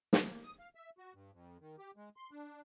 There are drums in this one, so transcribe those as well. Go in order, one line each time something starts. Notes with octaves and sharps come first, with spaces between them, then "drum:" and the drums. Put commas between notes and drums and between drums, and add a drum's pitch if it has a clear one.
drum: snare
A#3
D#6
F5
E5
F#4
G2
F2
D#3
G4
G#3
C6
D4